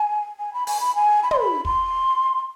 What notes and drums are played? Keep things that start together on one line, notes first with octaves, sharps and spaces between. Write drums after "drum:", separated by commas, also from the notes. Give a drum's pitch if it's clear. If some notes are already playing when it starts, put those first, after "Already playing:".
Already playing: G#5
G#5
B5
G#5, drum: open hi-hat
B5
G#5
B5
C6, drum: tom
B5
C6, drum: kick